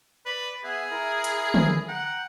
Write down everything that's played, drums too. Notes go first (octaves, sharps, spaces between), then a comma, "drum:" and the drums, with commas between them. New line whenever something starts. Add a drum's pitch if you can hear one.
B4 D5
B3 G#4 E5 F#6
E4 A#4
drum: hi-hat
drum: tom
F#5 G5 A#5